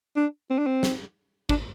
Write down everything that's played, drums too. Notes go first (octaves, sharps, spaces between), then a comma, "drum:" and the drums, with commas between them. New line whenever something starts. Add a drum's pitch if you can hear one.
D4
C4
D4
C4
drum: snare
D4, drum: kick